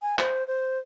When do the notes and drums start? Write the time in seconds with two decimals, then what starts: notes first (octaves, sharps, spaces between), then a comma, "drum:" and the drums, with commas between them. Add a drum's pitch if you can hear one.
0.02 G#5
0.19 C5, drum: clap
0.47 C5